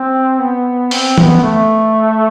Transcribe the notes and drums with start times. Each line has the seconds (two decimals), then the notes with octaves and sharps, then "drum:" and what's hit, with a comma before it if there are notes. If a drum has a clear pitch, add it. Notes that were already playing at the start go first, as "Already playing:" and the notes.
Already playing: C4
0.39 B3
0.91 C4, drum: open hi-hat
1.18 B3, drum: tom
1.43 A3